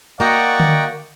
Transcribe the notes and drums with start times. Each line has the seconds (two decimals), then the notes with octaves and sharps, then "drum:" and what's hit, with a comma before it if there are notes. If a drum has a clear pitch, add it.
0.20 A#3 F#4 D5 D#5 F#5 G5 A#5 C#6
0.60 drum: tom D3